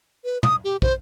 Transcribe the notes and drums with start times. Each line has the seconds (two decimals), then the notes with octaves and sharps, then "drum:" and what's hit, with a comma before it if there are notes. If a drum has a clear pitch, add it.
0.24 B4
0.43 D#6, drum: tom
0.64 G4
0.82 C5, drum: kick